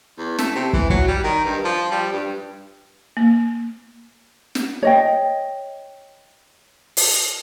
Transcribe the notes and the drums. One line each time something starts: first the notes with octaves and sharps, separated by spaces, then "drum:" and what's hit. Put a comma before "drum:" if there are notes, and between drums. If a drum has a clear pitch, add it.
E2
A3, drum: snare
C3
E3, drum: kick
F#3, drum: kick
G3
D#3
G2
F3
G3
G2
A#3
drum: snare
C#5 D#5 G5
drum: open hi-hat